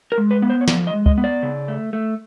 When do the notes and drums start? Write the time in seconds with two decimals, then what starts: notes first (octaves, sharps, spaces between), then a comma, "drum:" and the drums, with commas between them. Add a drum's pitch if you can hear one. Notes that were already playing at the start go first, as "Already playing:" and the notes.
0.12 A#4
0.18 G#3
0.31 B4
0.42 B3
0.50 C5
0.61 C#5
0.68 F3 D5, drum: snare
0.87 D#5
0.93 G#3
1.06 D#5, drum: kick C#2
1.18 B3
1.24 D5
1.43 C#3
1.68 A3
1.93 A3